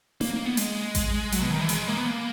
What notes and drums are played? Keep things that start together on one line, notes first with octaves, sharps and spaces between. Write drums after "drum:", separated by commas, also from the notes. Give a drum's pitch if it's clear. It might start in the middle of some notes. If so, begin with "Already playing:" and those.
A#3, drum: snare
A#3
B3
G#3, drum: hi-hat
drum: kick A1, hi-hat
F#3, drum: hi-hat
B2
D#3
E3
G#3, drum: hi-hat
A#3
B3
A#3